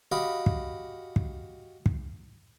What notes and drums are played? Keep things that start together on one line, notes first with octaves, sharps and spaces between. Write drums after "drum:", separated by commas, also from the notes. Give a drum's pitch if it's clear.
F#4 G4 D#5 F5 B5
drum: kick
drum: kick
drum: kick